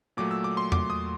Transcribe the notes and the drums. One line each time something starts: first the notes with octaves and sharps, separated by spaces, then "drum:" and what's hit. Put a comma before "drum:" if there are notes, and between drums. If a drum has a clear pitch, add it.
A#2 F#3 A3 D6
E6
D6
C6
D6, drum: tom E2
D#6